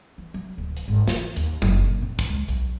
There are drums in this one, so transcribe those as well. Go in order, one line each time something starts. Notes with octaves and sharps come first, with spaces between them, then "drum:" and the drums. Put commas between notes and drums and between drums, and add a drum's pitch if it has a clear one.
E3
F#3
D1
drum: hi-hat
G#1
E3, drum: snare
D#2, drum: hi-hat
F#1, drum: tom F#3
A#2
C4
drum: kick, hi-hat
C#2
B1, drum: hi-hat